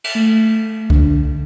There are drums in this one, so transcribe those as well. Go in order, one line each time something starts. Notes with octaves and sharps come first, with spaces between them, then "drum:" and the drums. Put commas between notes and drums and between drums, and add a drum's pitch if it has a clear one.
drum: cymbal
A3
D3, drum: kick C2